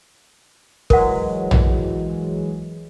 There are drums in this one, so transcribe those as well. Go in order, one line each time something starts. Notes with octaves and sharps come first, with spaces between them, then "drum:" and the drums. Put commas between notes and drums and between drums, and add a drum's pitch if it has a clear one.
E3 F#3 G#3 A#4 F#5, drum: kick
drum: tom A#1